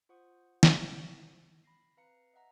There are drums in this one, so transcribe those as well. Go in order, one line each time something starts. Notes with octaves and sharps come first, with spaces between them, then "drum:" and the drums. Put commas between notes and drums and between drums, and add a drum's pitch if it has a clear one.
F4 C5 F#5 C#6 D#6
drum: snare
B5 A#6 C7
C4 B4 F5 A#5 C#7
D#5 E5 F#5 A#5